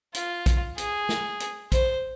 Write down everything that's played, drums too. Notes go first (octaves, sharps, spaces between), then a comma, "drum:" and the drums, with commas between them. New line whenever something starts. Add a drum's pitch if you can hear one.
F4, drum: hi-hat
drum: kick A#1, hi-hat
G#4, drum: hi-hat
drum: snare
drum: hi-hat
C5, drum: kick A#1, hi-hat